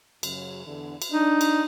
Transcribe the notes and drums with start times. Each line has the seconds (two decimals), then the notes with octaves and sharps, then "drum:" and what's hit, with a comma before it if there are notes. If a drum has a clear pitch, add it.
0.23 F#2 C#3 F#3, drum: cymbal
0.66 E2 D3
1.02 drum: cymbal
1.12 D4 D#4
1.41 drum: cymbal